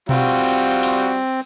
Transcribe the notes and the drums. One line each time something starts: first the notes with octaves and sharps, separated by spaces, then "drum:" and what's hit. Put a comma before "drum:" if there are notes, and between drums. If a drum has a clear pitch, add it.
G3 C4 F4 F#4, drum: tom B2
drum: cymbal